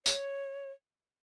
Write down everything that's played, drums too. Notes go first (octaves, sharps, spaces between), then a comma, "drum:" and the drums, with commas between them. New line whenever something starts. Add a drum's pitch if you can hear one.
C#5, drum: tambourine